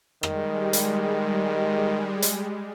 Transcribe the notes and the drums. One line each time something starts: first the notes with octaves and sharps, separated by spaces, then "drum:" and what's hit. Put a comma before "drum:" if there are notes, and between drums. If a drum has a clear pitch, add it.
D#3 G3 G#3, drum: rim click
drum: hi-hat
drum: hi-hat